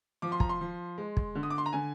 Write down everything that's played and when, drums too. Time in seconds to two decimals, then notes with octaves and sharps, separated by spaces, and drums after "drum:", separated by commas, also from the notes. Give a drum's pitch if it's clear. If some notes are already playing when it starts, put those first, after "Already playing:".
0.22 F3 D6
0.32 C6
0.40 A#5, drum: kick
0.49 C6
0.61 F3
0.98 G#3
1.17 drum: kick
1.35 D3
1.43 D#6
1.50 D6
1.58 C6
1.66 A#5
1.73 D3 G#5